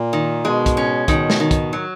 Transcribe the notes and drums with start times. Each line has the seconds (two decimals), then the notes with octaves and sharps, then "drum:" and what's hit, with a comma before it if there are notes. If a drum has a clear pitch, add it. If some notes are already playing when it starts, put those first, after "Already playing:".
Already playing: A#2
0.13 D#3
0.45 B2 G#3
0.66 drum: kick, hi-hat
0.77 C#4
1.08 B2 D#3, drum: kick, hi-hat
1.30 drum: snare
1.40 D#3
1.51 drum: kick, hi-hat
1.73 F#3